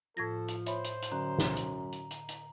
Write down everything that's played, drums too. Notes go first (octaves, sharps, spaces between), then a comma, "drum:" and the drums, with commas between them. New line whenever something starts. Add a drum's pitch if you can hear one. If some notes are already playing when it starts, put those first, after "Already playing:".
A2 F3 A4 G#6 A#6
drum: hi-hat
C5 C#5 E5 B5, drum: hi-hat
drum: hi-hat
drum: hi-hat
F#2 D3 A#5
drum: snare
drum: hi-hat
drum: hi-hat
drum: hi-hat
drum: hi-hat